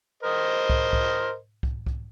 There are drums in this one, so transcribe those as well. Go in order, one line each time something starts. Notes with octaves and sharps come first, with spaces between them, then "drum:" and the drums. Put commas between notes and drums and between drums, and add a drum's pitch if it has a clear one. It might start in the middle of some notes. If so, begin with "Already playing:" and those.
A#4 C5 D#5
drum: kick C2
drum: kick C2
drum: kick C2
drum: kick C2